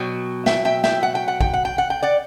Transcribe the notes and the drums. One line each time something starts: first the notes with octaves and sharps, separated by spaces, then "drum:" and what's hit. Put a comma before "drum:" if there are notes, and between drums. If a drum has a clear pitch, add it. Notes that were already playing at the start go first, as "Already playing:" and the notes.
Already playing: B2 F#3 G5
E5 G5, drum: snare
E5 G5
E5 G5, drum: snare
F#5
G5
F#5
G5, drum: kick
F#5
G5
F#5
G5
D5 F#5